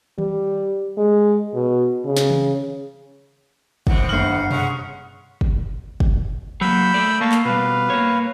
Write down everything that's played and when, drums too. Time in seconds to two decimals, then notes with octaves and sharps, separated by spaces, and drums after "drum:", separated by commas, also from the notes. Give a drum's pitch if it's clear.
0.18 G3, drum: tom D#3
0.98 G#3
1.54 B2
2.05 C#3
2.17 drum: snare
2.30 drum: tom D#3
3.87 A2 D#3 C4 F#5, drum: kick
4.09 G1 F6 C7 F#7
4.51 G#3 C#4 F#5 C#6, drum: tom B2
5.41 drum: kick
6.00 drum: kick
6.61 F#3 A#3 B5 E6 G6
6.94 A3 D5
7.21 A#3 F5 A5 C#6
7.32 drum: clap
7.45 B2 G3 B4 F5
7.90 A#3 C#5